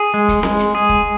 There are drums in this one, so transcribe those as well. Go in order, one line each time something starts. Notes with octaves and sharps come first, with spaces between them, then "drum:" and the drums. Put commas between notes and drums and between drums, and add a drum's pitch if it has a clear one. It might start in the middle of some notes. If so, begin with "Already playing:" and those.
Already playing: G#4
G#3
drum: kick, hi-hat
G#3, drum: snare C4
drum: hi-hat
G#4
drum: kick